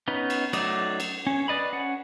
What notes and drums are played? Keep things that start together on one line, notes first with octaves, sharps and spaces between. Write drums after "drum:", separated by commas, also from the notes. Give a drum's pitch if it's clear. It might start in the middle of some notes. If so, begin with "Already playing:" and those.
B3 C#4 D#4 B4
drum: cymbal
F#3 A3 D#4 D5 D#6, drum: cymbal
drum: cymbal
C#4
B4 D5 D#5 B5
C#4 F#5